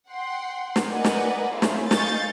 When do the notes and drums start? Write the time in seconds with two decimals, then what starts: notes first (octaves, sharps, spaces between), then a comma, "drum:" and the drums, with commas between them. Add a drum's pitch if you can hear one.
0.11 F#5 G5 C6
0.76 drum: snare
0.88 A#4 B4 D5 D#5 F#5 G#5
1.04 drum: snare
1.53 A3 C4 C#4 E4 F4 G#4
1.62 drum: snare
1.91 D#5 F5 G#5 C#6 G6 A6, drum: snare